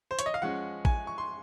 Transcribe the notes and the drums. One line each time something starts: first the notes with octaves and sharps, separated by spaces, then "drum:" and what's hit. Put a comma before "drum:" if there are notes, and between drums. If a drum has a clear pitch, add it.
C5
C#5, drum: hi-hat
D#5
F5
F3 G#3 C#4 F#5
G#5, drum: kick A1
C#6
C6